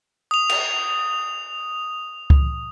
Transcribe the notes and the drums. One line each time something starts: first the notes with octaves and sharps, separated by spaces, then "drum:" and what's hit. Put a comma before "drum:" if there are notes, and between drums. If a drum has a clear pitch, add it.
D#6 F7
drum: cymbal
drum: kick C#2